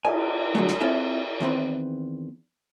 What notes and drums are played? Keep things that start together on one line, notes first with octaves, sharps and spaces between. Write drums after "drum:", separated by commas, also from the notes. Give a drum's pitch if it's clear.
G#5, drum: cymbal
D3 F#3 G#3 A3
drum: snare
C4 E4 F4 A4 E5 G#5
E2 D#3 C4 B4